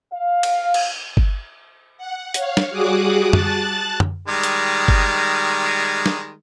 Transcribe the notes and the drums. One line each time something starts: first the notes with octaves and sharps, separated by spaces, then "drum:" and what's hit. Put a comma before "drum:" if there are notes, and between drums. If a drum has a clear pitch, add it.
F5
drum: cymbal
drum: cymbal
drum: kick G1
F#5
C#5 F5, drum: hi-hat
drum: snare
G3 F#4 G#4 D6 D#6 F#6
A5 F#6 A6, drum: tom F#2
drum: tom F#2
D#3 G3 G#3
drum: hi-hat
drum: kick G1
drum: snare